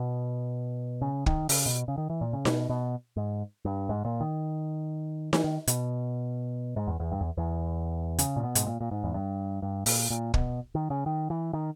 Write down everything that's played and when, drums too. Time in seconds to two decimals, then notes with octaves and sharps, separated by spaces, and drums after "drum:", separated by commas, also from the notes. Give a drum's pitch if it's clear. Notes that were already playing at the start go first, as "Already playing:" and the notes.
Already playing: B2
1.02 C#3
1.26 D#3, drum: kick
1.49 C#3, drum: open hi-hat
1.66 B2
1.88 C#3
1.98 D#3
2.10 E3
2.21 A#2
2.33 C#3
2.45 B2, drum: snare D#4
2.69 B2
3.16 G#2
3.65 G2
3.89 G#2
4.05 A#2
4.20 D#3
5.33 E3, drum: snare D#4
5.44 D#3
5.67 B2, drum: hi-hat
6.76 G#2
6.87 E2
7.00 E2
7.12 G2
7.21 E2
7.37 E2
8.19 C#3, drum: hi-hat
8.36 A#2
8.43 B2
8.55 G#2, drum: hi-hat
8.67 A#2
8.81 A#2
8.91 G#2
9.04 E2
9.14 G2
9.62 G2
9.86 A#2, drum: open hi-hat
10.10 A#2
10.34 B2, drum: kick
10.75 D#3
10.90 C#3
11.06 D#3
11.30 E3
11.53 D#3